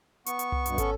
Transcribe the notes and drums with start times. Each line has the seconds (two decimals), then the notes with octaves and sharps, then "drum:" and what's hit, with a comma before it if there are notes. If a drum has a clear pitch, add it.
0.26 B3 C#6, drum: hi-hat
0.39 drum: hi-hat
0.52 drum: tom C2
0.66 G2 B2, drum: hi-hat
0.78 C#4 A4, drum: kick, hi-hat